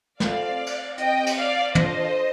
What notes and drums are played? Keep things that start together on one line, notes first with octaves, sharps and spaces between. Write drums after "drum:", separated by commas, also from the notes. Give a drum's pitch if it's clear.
A3 C4 F4 A4 D5 F5, drum: snare
drum: cymbal
C4 G4 D#5 G5, drum: hi-hat
drum: cymbal
D5 F5
D4 F4 A4 C5 D#5, drum: tom